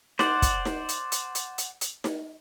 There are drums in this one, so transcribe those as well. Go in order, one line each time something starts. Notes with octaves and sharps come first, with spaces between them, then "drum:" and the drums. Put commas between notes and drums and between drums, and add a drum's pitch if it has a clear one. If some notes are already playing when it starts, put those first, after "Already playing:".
C5 D5 F#5, drum: snare D#4
drum: kick, hi-hat
drum: snare D#4
drum: hi-hat
drum: hi-hat
drum: hi-hat
drum: hi-hat
drum: hi-hat
drum: snare D#4